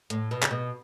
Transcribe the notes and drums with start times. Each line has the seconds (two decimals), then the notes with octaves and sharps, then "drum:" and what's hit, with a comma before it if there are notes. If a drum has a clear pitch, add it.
0.10 A2, drum: hi-hat
0.31 B2
0.43 C#3, drum: clap
0.51 B2